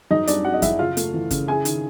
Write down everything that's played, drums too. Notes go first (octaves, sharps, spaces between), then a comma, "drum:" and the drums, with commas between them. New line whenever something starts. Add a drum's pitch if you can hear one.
F#2 D#4 D#5
G3 D4 D5, drum: hi-hat
G3 F#4 F#5
D#5
F#2 E4 E5, drum: kick G1, hi-hat
C#3 F4 F5
A3, drum: hi-hat
E3
C#3, drum: kick G1, hi-hat
E4 G#4 G#5
D#3, drum: hi-hat